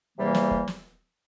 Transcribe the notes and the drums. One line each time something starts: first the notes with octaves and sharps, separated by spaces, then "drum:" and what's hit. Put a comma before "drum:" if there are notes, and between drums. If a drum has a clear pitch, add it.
E2 C3 E3 G3 A#3
drum: snare
drum: kick
drum: snare